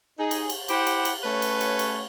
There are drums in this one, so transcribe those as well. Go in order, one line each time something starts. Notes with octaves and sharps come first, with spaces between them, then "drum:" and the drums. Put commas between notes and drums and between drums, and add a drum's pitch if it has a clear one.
D#4 G#4
drum: cymbal
drum: cymbal
E4 G4 C5 F#5 G5, drum: cymbal
drum: cymbal
drum: cymbal
A3 C#4 B4 C#5
drum: cymbal
drum: cymbal
drum: cymbal